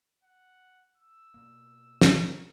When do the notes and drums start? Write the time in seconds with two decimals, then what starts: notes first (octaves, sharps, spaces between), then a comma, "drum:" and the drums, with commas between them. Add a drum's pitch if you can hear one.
0.24 F#5
0.97 E6
1.34 B2 A#3
2.01 A#4, drum: snare